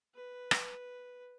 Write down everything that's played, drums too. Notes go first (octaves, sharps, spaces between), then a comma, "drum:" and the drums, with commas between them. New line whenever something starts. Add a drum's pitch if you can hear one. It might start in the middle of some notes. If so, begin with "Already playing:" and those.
B4
drum: rim click